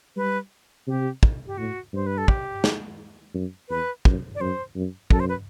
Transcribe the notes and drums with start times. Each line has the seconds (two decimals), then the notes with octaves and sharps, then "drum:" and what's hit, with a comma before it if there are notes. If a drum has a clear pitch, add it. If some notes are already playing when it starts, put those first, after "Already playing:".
0.16 G3 B4
0.87 C3 G4
1.23 drum: kick
1.47 G4
1.58 A2 F#4
1.93 G2 C5
2.06 B4
2.18 A4
2.28 G4, drum: kick
2.64 drum: snare
3.34 F#2
3.69 E2 B4
4.05 F#2, drum: kick
4.35 D5
4.41 F#2 C5
4.75 F#2
5.11 F#2 A4, drum: kick
5.20 C5
5.29 B4